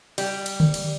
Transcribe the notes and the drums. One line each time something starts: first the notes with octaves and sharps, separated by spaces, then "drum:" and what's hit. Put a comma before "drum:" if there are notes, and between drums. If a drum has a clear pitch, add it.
G3, drum: cymbal
drum: cymbal
drum: tom D3
drum: cymbal